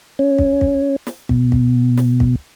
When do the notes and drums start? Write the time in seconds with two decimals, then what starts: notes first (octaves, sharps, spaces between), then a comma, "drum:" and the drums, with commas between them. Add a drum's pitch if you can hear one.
0.19 C#4
0.38 drum: kick
0.61 drum: kick
1.07 drum: snare
1.29 B2, drum: kick
1.52 drum: kick
1.97 drum: snare
2.20 drum: kick